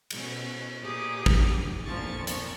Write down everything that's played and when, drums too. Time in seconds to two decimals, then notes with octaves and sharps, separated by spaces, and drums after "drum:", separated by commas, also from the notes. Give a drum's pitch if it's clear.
0.10 B2 C#4, drum: cymbal
0.81 A#2 G4 G#4 D6 D#6
1.26 drum: kick
1.85 F2 A#2 F3 C#6 A6
2.27 drum: hi-hat